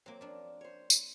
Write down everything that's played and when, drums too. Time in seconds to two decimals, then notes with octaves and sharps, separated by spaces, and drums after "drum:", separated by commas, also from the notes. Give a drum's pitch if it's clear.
0.06 F#3 A#3 C4 D6
0.21 F3 D4
0.61 C5 C#5
0.90 drum: tambourine